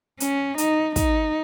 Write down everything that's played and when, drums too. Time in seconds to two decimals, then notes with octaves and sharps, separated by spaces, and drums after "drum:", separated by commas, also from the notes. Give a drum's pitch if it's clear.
0.20 C#4, drum: hi-hat
0.58 D#4, drum: hi-hat
0.96 D#4, drum: kick, hi-hat